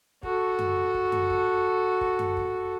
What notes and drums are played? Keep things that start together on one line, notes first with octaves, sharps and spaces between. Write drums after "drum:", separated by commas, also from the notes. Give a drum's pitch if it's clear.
F#4 A4, drum: kick
drum: tom F#2
drum: kick
drum: tom F#2
drum: kick
drum: kick
drum: tom F#2
drum: kick